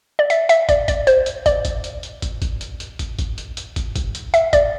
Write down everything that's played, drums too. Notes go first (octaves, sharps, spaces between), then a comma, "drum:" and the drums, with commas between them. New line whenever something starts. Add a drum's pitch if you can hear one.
D5
E5, drum: hi-hat
E5, drum: hi-hat
D5, drum: kick, hi-hat
D5, drum: kick, hi-hat
C5, drum: hi-hat
drum: hi-hat
D5, drum: kick, hi-hat
drum: kick, hi-hat
drum: hi-hat
drum: hi-hat
drum: kick, hi-hat
drum: kick, hi-hat
drum: hi-hat
drum: hi-hat
drum: kick, hi-hat
drum: kick, hi-hat
drum: hi-hat
drum: hi-hat
drum: kick, hi-hat
drum: kick, hi-hat
drum: hi-hat
E5, drum: hi-hat
D5, drum: kick, hi-hat